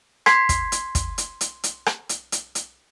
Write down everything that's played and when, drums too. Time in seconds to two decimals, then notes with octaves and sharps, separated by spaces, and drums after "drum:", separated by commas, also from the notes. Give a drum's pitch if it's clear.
0.26 C6 G#6 B6 C7, drum: rim click
0.49 drum: kick, hi-hat
0.72 drum: hi-hat
0.95 drum: kick, hi-hat
1.18 drum: hi-hat
1.41 drum: hi-hat
1.64 drum: hi-hat
1.86 drum: rim click
2.09 drum: hi-hat
2.32 drum: hi-hat
2.55 drum: hi-hat